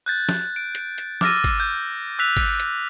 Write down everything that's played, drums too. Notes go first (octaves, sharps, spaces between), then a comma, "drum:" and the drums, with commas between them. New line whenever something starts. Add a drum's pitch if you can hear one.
F#6 G6 A6
drum: snare
D7
drum: hi-hat
drum: hi-hat
D6 E6 F6 A6 A#6 D#7, drum: snare
drum: kick G#1, open hi-hat
G6
E6 F#6 B6 F7
drum: kick G#1, open hi-hat
drum: hi-hat